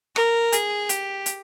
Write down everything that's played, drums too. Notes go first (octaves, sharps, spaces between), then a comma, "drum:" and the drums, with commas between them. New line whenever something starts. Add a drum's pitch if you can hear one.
A#4, drum: rim click
G#4, drum: hi-hat
G4, drum: hi-hat
drum: hi-hat